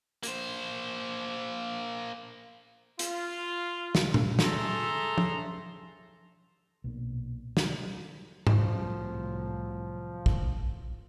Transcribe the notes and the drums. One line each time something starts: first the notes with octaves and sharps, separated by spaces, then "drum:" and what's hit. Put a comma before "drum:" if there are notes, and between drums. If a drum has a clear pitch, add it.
A#3 C5, drum: hi-hat
F4, drum: hi-hat
drum: snare
drum: tom A#2
A3 G#4 A4 A#5 C6, drum: snare
drum: tom
B1 A#2
drum: snare
C2 A2 F3 F#3, drum: tom G#2
drum: kick